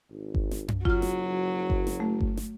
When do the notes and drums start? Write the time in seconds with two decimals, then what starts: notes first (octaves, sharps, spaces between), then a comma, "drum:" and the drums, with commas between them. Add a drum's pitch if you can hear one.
0.10 G#1
0.35 drum: kick G1
0.51 drum: snare
0.68 drum: tom F#2
0.85 F#1 F#3 F4 F6, drum: kick G1
1.02 drum: snare
1.70 drum: kick G1
1.87 drum: snare
2.00 A3
2.21 drum: kick G1
2.37 drum: snare